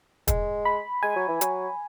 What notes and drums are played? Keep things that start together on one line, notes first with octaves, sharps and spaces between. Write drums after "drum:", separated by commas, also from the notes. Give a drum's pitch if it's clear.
G#3, drum: kick, hi-hat
B5
G#3 G#5
F#3
E3
F#3, drum: hi-hat